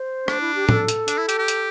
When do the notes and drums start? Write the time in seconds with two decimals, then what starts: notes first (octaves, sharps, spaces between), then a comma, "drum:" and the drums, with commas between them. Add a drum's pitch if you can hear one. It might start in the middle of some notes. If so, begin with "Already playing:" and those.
Already playing: C5
0.28 D4, drum: rim click
0.40 E4
0.55 G4
0.69 A4, drum: tom A2
0.88 drum: hi-hat
1.08 D4, drum: hi-hat
1.18 E4
1.29 G4, drum: hi-hat
1.39 G4
1.48 drum: hi-hat